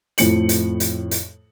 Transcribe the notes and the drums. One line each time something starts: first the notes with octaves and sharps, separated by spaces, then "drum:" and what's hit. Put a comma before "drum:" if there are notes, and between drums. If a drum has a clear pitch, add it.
F2 A2 C#7 F#7, drum: hi-hat
drum: hi-hat
drum: hi-hat
drum: hi-hat